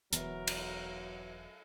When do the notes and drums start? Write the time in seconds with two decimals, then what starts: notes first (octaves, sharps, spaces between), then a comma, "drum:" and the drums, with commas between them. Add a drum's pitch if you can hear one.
0.13 E1 E2 F#3 A#4 B4 E5, drum: hi-hat
0.47 drum: cymbal